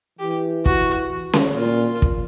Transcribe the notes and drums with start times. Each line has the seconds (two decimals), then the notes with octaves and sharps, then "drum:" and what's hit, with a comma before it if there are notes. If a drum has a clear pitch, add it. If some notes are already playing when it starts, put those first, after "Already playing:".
0.19 E3 G4
0.65 F#4, drum: kick
1.33 drum: snare C#4
1.56 A#2 F4
2.02 drum: kick